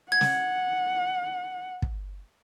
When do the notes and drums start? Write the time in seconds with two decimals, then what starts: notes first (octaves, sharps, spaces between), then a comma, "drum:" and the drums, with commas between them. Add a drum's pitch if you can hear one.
0.12 F#5 G#6
0.21 drum: snare
1.82 drum: kick